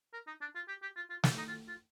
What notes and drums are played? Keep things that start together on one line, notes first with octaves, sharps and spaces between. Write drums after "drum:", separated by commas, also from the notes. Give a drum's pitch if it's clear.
A#4
D#4
D4
F4
G4
G4
F4
F4
F4, drum: snare
D#4
F4
F4